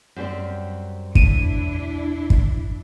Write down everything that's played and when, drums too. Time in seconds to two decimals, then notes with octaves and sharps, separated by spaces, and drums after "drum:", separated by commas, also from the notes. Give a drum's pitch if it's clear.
0.16 F#2 G3 C4
1.15 B1 E2 A3 D4 E4 D#7, drum: kick
2.30 drum: kick